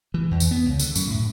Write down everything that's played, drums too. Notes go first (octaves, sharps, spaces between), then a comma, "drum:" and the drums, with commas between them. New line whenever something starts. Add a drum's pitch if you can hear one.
E3
E2
drum: tambourine
B3
C#2
D3, drum: tambourine
F#2, drum: tambourine
A2